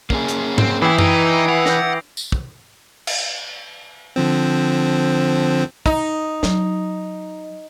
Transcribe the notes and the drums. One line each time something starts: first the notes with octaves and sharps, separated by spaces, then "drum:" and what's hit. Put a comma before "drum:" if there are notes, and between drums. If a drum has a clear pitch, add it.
A#3 C#4 G#4, drum: kick
drum: hi-hat
C4, drum: tom
E3 E4 G5 D#6 E6 C7
D#4 E4 B4 D#6 D7, drum: tom F#2
F#5 C7 F7
G6 A#6, drum: snare
drum: tambourine
drum: kick
drum: cymbal
D3 F3 C4
D#4, drum: kick
F#3, drum: snare